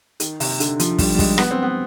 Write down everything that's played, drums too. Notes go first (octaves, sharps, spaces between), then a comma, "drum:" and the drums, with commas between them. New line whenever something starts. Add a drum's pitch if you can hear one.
D#3, drum: hi-hat
C3, drum: open hi-hat
D3, drum: hi-hat
F3, drum: hi-hat
G3, drum: kick, open hi-hat
G3
G#3, drum: kick, open hi-hat
B3, drum: rim click
C4
B3